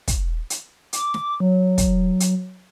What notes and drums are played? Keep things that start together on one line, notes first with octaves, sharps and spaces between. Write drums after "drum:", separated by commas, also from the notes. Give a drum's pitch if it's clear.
drum: kick, hi-hat
drum: hi-hat
D6, drum: hi-hat
drum: snare
F#3
drum: kick, hi-hat
drum: hi-hat